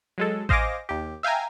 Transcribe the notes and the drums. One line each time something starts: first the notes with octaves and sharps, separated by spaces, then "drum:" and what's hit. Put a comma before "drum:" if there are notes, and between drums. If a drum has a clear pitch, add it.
F#3 G#3 A4
C5 D#5 F5 G#5 D6 A#6, drum: kick A1
D#2 G4
E5 F5 G5 G#5 A#5